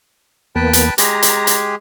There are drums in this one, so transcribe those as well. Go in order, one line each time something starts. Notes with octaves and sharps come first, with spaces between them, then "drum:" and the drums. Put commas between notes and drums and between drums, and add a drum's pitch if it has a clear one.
E2 A#3 B3 B4 G5 A5
drum: hi-hat
G#3 G4 G#4 A#5, drum: hi-hat
drum: hi-hat
drum: hi-hat